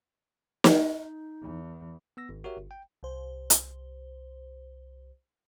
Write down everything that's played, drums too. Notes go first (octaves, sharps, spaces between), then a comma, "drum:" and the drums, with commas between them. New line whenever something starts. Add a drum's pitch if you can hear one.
drum: snare
D#4
E2
B3 E6 A#6
G#1
F#4 G4 A#4 C#5 E5
G1
G5
C2 C5
drum: hi-hat